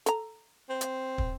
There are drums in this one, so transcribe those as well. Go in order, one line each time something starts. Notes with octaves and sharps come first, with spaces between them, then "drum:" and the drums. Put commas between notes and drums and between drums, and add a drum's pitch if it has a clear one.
A4 A#5, drum: hi-hat
C4
drum: hi-hat
drum: kick